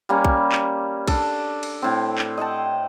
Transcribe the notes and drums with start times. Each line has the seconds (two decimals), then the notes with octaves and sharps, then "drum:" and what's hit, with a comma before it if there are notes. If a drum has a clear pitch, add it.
0.09 G3 A#3 C#4
0.24 drum: kick B1
0.52 drum: clap
1.08 D4 A4, drum: kick B1, cymbal
1.63 drum: cymbal
1.82 A2 C4
2.18 drum: clap
2.37 D#5 F#5 G5 A5